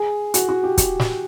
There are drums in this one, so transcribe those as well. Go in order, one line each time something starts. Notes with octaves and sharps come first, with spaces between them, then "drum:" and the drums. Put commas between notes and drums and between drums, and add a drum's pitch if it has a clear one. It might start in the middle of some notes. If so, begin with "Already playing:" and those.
Already playing: G#4
F#4, drum: hi-hat
F#4
G4
drum: kick, hi-hat
drum: snare